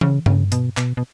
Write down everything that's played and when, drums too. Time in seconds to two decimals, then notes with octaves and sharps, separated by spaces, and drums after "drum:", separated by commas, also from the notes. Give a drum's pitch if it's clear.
0.01 C#3, drum: tom E3
0.26 C#3, drum: tom G2
0.52 B2, drum: hi-hat
0.77 B2, drum: clap
0.97 B2